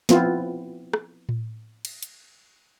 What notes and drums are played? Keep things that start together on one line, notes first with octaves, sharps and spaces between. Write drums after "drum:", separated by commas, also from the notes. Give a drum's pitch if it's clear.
F3 B3 C4 E4 F4, drum: snare
drum: rim click
drum: tom A2
drum: cymbal
drum: hi-hat